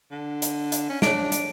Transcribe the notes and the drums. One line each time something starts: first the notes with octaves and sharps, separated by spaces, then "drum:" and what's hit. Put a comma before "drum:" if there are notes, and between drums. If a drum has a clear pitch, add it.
D3
drum: hi-hat
drum: hi-hat
C#4
D4 C#5 D7, drum: snare
drum: hi-hat